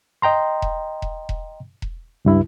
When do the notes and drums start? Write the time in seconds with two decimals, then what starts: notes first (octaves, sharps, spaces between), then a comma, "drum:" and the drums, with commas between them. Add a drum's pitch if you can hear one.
0.22 D#5 G5 A#5 C6
0.62 drum: kick E1
1.02 drum: kick E1
1.29 drum: kick E1
1.82 drum: kick E1
2.25 C#2 G2 E4